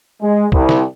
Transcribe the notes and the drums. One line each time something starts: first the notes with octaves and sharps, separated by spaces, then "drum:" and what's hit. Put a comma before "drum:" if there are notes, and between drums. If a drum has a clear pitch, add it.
G#3
C2, drum: kick C2
drum: snare